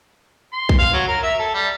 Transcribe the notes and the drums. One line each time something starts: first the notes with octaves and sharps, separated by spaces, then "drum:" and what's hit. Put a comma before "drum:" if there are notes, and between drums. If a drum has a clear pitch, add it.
C6
drum: kick A#1
F5
F#3
A#4
E5
A4
G3